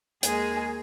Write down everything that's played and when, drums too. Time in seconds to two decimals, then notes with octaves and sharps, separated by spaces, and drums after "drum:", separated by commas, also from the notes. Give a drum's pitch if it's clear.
0.23 D#2 D#3 G#3 G#4, drum: hi-hat